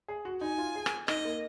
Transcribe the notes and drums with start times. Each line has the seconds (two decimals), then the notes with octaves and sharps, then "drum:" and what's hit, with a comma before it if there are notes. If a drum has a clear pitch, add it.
0.08 G#4
0.25 F#4
0.41 D#4 G#5
0.58 F4
0.75 G#4
0.86 drum: rim click
1.08 D#4 D#5, drum: rim click
1.25 A#3